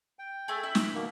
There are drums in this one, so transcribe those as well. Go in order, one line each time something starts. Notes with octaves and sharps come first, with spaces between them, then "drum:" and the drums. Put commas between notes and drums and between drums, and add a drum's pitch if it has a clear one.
G5
A3 G#4
E4
drum: snare
B2 D#3 A#3